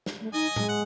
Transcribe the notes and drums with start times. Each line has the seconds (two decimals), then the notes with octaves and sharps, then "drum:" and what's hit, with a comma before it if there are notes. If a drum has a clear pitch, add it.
0.06 drum: snare
0.21 A3
0.33 D#4 D#5 G#5
0.56 G#3, drum: tom A2
0.69 F#5